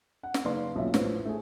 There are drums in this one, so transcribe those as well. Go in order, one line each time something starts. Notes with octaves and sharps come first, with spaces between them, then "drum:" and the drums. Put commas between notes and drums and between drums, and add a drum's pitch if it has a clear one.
F#5
drum: snare
F#1 D#4 B4 D5 F5 C6
D#1 B1 F3 C#4 E5
A1 A2 F3 D4 B4 C5, drum: snare
A3 G#4